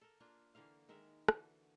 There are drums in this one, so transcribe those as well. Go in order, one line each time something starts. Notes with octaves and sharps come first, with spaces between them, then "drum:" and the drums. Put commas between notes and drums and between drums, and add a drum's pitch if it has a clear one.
A4 A#4
A#3 D4 F4
D3 E3 A#3 F5
D#3 G#3 A#4 E5
D3 E3 F#4, drum: rim click